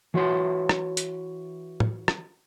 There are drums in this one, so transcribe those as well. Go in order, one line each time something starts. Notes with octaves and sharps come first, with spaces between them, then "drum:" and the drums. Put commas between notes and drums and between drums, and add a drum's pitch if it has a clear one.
E3 F#4 C#5 C6
drum: rim click
drum: hi-hat
drum: tom
drum: rim click